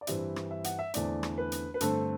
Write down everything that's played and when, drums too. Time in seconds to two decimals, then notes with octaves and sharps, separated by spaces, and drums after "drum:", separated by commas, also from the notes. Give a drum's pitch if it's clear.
0.01 D5
0.07 G2 E3 G3 C4 E5, drum: hi-hat
0.36 drum: rim click
0.51 E5
0.64 F#5, drum: hi-hat
0.79 E5
0.94 E2 D3 A3 C4 D5, drum: hi-hat
1.23 drum: rim click
1.38 B4
1.52 drum: hi-hat
1.74 B4
1.81 G2 D3 A3 C4 A4, drum: hi-hat